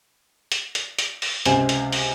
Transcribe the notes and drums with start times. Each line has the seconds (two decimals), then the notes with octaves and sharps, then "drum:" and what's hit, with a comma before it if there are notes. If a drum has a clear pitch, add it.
0.52 drum: hi-hat
0.75 drum: hi-hat
0.99 drum: hi-hat
1.22 drum: open hi-hat
1.46 C#2 C3 C5 G#5, drum: hi-hat
1.69 drum: hi-hat
1.92 drum: open hi-hat